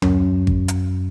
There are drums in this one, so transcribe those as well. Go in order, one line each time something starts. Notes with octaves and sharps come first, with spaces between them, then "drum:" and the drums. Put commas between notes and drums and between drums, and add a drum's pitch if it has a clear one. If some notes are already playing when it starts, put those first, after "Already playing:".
F#2, drum: tom D2
drum: kick G#1
drum: hi-hat